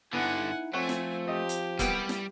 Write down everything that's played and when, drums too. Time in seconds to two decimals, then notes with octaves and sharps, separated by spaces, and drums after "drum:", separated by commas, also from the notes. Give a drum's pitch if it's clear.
0.13 G2 D3 B3 D#4 E4 F#5 G#5
0.73 F3 A3 C4 C#5 F#5 G#5
0.89 drum: snare
1.26 C4 G4 D#5
1.49 drum: hi-hat
1.79 C2 G3 B3 G5, drum: kick, hi-hat
2.09 drum: snare